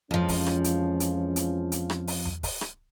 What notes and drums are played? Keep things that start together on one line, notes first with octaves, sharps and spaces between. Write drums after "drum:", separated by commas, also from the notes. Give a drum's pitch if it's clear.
F2 E3 F3 G#3 C#4
drum: kick, open hi-hat
drum: rim click
drum: hi-hat
drum: hi-hat
drum: hi-hat
drum: hi-hat
drum: rim click
drum: open hi-hat
drum: tom E2
drum: kick, open hi-hat
drum: rim click